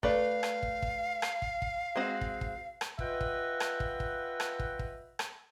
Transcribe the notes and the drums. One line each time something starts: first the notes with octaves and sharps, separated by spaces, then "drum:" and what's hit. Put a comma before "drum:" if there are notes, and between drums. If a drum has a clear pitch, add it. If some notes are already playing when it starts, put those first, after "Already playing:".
A3 B4 D5 F5, drum: kick
drum: rim click
drum: kick
drum: kick
drum: rim click
drum: kick
drum: kick
G#3 C4 F#4
drum: kick
drum: kick
drum: rim click
F4 B4 D#5 E5 F#5 G5, drum: kick
drum: kick
drum: rim click
drum: kick
drum: kick
drum: rim click
drum: kick
drum: kick
drum: rim click